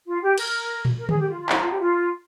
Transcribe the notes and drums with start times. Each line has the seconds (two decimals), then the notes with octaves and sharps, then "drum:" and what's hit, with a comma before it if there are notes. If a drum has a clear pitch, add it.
0.07 F4
0.22 G4
0.38 A#4, drum: cymbal
0.85 drum: tom A2
0.99 A#4
1.09 G#4, drum: tom D3
1.19 G4
1.29 F4
1.39 F4
1.49 E4, drum: clap
1.59 F4
1.69 G4
1.79 F4